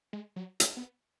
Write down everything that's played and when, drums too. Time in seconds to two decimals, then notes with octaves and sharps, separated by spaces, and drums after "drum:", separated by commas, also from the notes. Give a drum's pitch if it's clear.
0.13 G#3
0.36 F#3
0.60 G#3, drum: hi-hat
0.77 B3